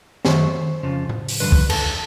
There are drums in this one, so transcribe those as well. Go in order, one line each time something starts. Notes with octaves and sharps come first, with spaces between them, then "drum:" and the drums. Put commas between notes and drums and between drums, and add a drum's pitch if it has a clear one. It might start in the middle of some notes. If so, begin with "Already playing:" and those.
F#2 D#3 F#3 A3 C5, drum: snare
F2 C#3 F3
drum: tom A2
drum: open hi-hat
G2 D3 F3 B4
drum: kick
A4, drum: cymbal